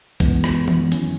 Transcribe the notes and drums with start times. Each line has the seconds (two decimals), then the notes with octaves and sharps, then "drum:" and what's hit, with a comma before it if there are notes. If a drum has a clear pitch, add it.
0.20 F#2 E3 G#3 B3, drum: kick, hi-hat
0.44 drum: rim click
0.68 drum: tom
0.92 D#3 F#3 C#4 E4, drum: hi-hat